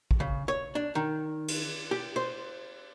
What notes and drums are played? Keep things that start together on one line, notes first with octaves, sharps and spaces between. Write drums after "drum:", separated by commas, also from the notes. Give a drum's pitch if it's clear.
drum: kick
C#3
C#5
D4
D#3
drum: cymbal
G4
C5